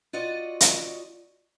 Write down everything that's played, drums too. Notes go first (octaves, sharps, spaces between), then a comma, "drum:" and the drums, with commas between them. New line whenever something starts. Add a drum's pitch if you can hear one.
F4 F#4 D5 D#5
drum: hi-hat